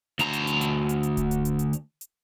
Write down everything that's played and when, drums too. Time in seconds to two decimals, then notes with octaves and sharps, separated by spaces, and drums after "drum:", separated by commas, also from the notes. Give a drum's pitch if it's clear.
0.19 D2 A#5, drum: hi-hat
0.33 drum: hi-hat
0.47 drum: hi-hat
0.61 drum: hi-hat
0.89 drum: hi-hat
1.03 drum: hi-hat
1.17 drum: kick D1, hi-hat
1.31 drum: hi-hat
1.45 drum: hi-hat
1.59 drum: hi-hat
1.73 drum: hi-hat
2.01 drum: hi-hat